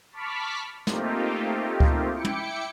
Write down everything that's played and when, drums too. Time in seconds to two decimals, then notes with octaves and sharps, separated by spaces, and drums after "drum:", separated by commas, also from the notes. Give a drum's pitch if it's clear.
0.12 A5 B5 C#6 D6 F6 B6
0.87 A3 A#3 C4 D#4 F4 G4, drum: snare
1.80 drum: kick C#2
2.12 E4 G5 D6 C#7
2.25 drum: tom